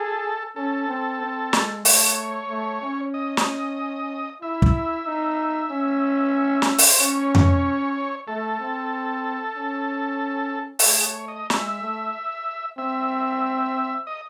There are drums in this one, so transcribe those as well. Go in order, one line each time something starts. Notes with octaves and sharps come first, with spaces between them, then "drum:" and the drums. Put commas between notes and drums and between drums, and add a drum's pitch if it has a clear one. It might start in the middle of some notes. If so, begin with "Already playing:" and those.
Already playing: G#4 A4
C#4 A4
C4
C4
G#3, drum: snare
A3 C#5, drum: open hi-hat
A3
C#4
D#5
drum: snare
E4 E5
drum: kick
D#4
C#4
drum: snare
drum: open hi-hat
C5
C#4 C#5
drum: tom F2
A3 A4
C4
C#4
A4, drum: open hi-hat
A3 G#4
C#5
D#5
G#3 E5, drum: snare
A3
C4 E5
D#5